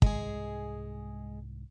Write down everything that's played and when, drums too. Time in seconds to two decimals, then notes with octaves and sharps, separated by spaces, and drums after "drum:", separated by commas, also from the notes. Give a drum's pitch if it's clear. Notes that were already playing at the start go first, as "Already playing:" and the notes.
0.02 C2 G#2 G#3 G#4, drum: kick